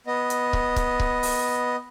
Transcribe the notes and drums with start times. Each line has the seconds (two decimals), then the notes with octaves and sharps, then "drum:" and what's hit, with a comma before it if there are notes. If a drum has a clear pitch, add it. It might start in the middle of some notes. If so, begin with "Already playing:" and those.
0.07 B3 D#5
0.30 drum: hi-hat
0.53 drum: kick C#1
0.76 drum: kick C#1, hi-hat
1.00 drum: kick C#1
1.23 drum: open hi-hat